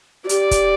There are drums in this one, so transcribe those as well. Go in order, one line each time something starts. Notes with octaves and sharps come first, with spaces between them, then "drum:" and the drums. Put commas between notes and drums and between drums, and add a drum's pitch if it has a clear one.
F#4
G4 D5, drum: hi-hat
drum: kick, hi-hat